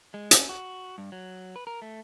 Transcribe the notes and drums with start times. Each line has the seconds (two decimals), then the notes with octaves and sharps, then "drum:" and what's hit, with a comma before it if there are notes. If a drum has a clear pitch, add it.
0.14 G#3
0.31 C#4, drum: hi-hat
0.49 F#4
0.98 G2
1.12 F#3
1.56 B4
1.67 A#4
1.82 A3